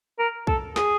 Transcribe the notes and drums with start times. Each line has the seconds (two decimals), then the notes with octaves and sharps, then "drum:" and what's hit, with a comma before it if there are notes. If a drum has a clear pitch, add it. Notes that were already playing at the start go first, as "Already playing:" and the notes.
0.19 A#4
0.47 A4, drum: kick
0.76 G#4, drum: snare